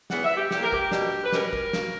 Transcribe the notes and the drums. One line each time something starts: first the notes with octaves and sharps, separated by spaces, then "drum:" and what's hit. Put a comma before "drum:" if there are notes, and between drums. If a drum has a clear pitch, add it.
E2 C#3 E3 B3 F#5, drum: snare
E5
G4
E2 D3 A#3 G4, drum: snare
A#4
G4, drum: kick
B2 A#3 D4, drum: snare
B4
B2 G3 C#4 A#4, drum: snare
drum: kick
B2 A#3, drum: snare